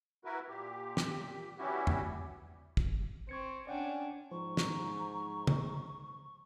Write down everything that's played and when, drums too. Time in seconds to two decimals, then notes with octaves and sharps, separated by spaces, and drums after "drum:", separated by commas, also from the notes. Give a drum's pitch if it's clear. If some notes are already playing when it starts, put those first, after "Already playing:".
0.25 E4 F#4 A#4 B4
0.48 A#2 G4
0.97 drum: snare
1.58 G3 B3 C#4 E4 F#4 G4
1.87 drum: tom E2
2.77 drum: kick
3.29 C4 C#6 G#6 C#7
3.67 C#4 D4 D5 F#5 G5
4.31 G#2 F3 C5 A#5 C#6
4.57 drum: snare
5.47 drum: tom